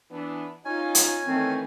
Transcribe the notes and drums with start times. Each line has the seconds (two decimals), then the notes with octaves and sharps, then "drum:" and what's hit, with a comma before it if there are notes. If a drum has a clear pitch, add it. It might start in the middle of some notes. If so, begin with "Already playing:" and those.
0.11 E3 B3 D4
0.65 C#4 D#4 F4 G#5
0.95 drum: hi-hat
1.26 D#3 E3 A3 C4